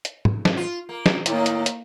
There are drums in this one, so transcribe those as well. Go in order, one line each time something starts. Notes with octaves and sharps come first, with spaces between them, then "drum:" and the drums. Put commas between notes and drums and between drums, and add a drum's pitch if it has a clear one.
drum: hi-hat
drum: tom
drum: snare
F4
A#3
drum: snare
A2 D#3 A#3 E4, drum: hi-hat
drum: hi-hat
drum: hi-hat